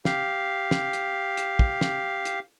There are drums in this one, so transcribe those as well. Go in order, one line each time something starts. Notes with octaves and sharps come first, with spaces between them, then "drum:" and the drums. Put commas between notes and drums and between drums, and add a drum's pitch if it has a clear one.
G4 F5, drum: snare
drum: snare
drum: hi-hat
drum: hi-hat
drum: kick
drum: snare
drum: hi-hat